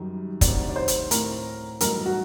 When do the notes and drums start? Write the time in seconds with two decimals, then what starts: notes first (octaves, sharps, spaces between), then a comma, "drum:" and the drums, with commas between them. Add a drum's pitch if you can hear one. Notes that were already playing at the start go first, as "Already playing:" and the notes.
Already playing: F#2 D#3 G3
0.41 D2 C3 D#3 D5, drum: kick, hi-hat
0.69 D5
0.76 C5
0.88 drum: hi-hat
1.11 A2 A3 C4 A#4, drum: hi-hat
1.80 A1 G2 F#3 A3 D#4 A#4, drum: hi-hat
2.06 F#4